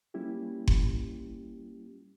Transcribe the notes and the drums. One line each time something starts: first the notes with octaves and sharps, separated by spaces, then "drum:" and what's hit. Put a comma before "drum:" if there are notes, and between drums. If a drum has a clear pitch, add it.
G3 A#3 C#4 E4 F4 G4
drum: kick F#1